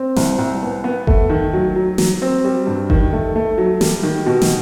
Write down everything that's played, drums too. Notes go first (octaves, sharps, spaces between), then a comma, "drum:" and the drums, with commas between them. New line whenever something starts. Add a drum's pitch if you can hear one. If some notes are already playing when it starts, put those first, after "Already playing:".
Already playing: C4
C2, drum: snare
C2
B3
B3
A3, drum: kick F#1
D#3
F#3
F#3
F#3, drum: snare
C4
G3
G2
D#3, drum: kick F#1
A3
A3
F#3
G3, drum: snare
D#3
B2
drum: snare